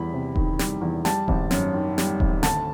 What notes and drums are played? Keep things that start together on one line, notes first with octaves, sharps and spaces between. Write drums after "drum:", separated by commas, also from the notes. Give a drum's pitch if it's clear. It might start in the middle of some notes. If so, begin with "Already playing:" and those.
Already playing: E2 G3 B5
C3
D#3, drum: kick D#1
G3, drum: snare
E2
G3 A5, drum: snare
G#1, drum: kick D#1
F#2, drum: snare
D#3
G3, drum: snare
G#1, drum: kick D#1
D2 A5, drum: snare